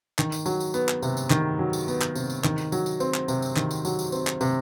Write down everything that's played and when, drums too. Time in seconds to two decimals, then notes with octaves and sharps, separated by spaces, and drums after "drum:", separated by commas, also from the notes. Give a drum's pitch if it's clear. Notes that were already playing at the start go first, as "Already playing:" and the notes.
0.19 D#3, drum: clap
0.32 drum: tambourine
0.46 F#3, drum: tambourine
0.60 drum: tambourine
0.74 B3, drum: tambourine
0.89 drum: clap
1.02 C3, drum: tambourine
1.17 drum: tambourine
1.30 D#3, drum: clap
1.59 F#3
1.73 drum: tambourine
1.88 B3, drum: tambourine
2.01 drum: clap
2.15 C3, drum: tambourine
2.30 drum: tambourine
2.44 D#3, drum: clap
2.58 drum: tambourine
2.72 F#3, drum: tambourine
2.86 drum: tambourine
3.00 C4, drum: tambourine
3.14 drum: clap
3.28 C3, drum: tambourine
3.42 drum: tambourine
3.56 D#3, drum: clap
3.71 drum: tambourine
3.85 F#3, drum: tambourine
3.99 drum: tambourine
4.12 C4, drum: tambourine
4.27 drum: clap
4.41 C3, drum: tambourine